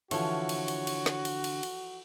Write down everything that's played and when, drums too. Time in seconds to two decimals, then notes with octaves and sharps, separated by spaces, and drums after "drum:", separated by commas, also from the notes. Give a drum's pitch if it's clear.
0.11 D3 E3 F3 F#4 C#5, drum: cymbal
0.49 drum: cymbal
0.68 drum: cymbal
0.87 drum: cymbal
1.06 drum: snare
1.25 drum: cymbal
1.44 drum: cymbal
1.63 drum: cymbal